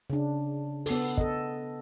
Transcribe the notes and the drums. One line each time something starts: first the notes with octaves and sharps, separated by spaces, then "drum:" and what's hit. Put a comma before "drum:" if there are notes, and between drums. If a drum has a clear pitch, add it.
C#3 D4
B3 A4, drum: open hi-hat
A4 D#5, drum: kick